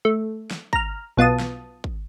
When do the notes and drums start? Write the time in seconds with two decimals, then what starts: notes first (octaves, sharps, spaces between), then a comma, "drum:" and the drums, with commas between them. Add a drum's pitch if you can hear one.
0.05 A3
0.51 drum: snare
0.73 A#5 F6, drum: kick
1.17 B1 B3 F4 A5 D#6
1.40 drum: snare
1.84 drum: kick